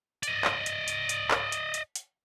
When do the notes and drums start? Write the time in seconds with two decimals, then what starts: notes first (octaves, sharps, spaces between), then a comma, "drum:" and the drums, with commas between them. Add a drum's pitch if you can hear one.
0.23 D5 D#5, drum: hi-hat
0.45 drum: clap
0.66 drum: hi-hat
0.88 drum: hi-hat
1.09 drum: hi-hat
1.31 drum: clap
1.52 drum: hi-hat
1.74 drum: hi-hat
1.95 drum: hi-hat